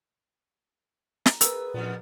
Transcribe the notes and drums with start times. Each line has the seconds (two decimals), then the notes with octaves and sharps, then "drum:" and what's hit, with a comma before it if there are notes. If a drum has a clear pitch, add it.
1.26 A#5, drum: snare
1.41 G#4 A#4 B4 E6, drum: hi-hat
1.74 F2 A#2 B3